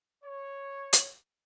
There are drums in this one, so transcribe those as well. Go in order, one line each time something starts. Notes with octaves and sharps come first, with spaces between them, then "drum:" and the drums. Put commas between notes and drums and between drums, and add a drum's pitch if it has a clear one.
C#5
drum: hi-hat